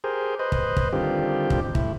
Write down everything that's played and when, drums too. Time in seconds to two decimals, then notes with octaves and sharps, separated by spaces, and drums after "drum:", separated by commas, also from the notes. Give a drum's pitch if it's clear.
0.04 G4 G#4 A#4 C5
0.39 B4 C5 D#5
0.52 drum: kick
0.77 drum: kick
0.93 D3 D#3 G3 C4 F4 G4
1.50 drum: kick
1.75 A2 E4, drum: kick